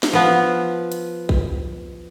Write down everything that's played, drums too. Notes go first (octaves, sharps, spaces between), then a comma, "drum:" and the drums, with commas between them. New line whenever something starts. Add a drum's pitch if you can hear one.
drum: snare
F3 B3
drum: hi-hat
drum: kick